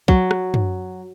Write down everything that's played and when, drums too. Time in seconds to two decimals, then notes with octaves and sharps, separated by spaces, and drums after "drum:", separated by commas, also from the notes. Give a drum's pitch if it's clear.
0.08 F#3, drum: kick
0.31 drum: rim click
0.54 drum: tom